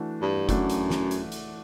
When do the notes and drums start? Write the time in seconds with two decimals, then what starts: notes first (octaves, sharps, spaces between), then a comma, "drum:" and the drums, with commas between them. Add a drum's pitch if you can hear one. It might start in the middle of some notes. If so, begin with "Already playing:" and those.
Already playing: E3 A3 D4 F#4
0.21 G2
0.49 F#2 E3 A3 D4 F#4, drum: kick F#1, hi-hat
0.70 drum: hi-hat
0.90 drum: snare
1.11 drum: hi-hat
1.32 drum: hi-hat